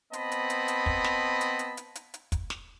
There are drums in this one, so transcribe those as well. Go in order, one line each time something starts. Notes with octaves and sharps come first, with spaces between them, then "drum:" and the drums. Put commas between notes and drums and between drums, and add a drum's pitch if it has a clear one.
B3 C4 D#5 A5 B5, drum: hi-hat
drum: hi-hat
drum: hi-hat
drum: hi-hat
drum: kick
drum: snare
drum: hi-hat
drum: hi-hat
drum: hi-hat
drum: hi-hat
drum: hi-hat
drum: kick, hi-hat
drum: snare